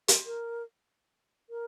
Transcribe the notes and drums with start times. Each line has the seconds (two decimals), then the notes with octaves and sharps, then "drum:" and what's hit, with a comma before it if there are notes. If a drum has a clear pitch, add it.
0.08 A#4, drum: hi-hat
0.26 A#4
1.50 A#4